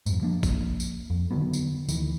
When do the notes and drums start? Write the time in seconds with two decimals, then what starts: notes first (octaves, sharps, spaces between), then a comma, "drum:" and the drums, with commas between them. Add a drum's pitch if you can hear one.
0.06 F2 G#2, drum: tambourine
0.21 F3 A#3 D4
0.43 drum: kick A1, tambourine
0.80 drum: tambourine
1.10 F2
1.31 D3 D#3 F#3 B3
1.53 drum: tambourine
1.89 D2 D#3 E3, drum: tambourine